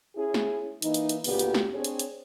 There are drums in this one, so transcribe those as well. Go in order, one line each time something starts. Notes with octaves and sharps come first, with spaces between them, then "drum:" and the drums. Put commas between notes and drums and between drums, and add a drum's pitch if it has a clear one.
C#4 E4 G#4
drum: snare
E3 A#3 D#4, drum: hi-hat
drum: hi-hat
drum: hi-hat
D2 A#2 C#3 B3 G4, drum: open hi-hat
drum: hi-hat
drum: snare
C4 D4 G#4 C#5
drum: hi-hat
drum: hi-hat